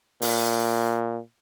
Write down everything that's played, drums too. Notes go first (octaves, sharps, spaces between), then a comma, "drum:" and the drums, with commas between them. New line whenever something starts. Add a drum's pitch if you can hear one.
A#2, drum: open hi-hat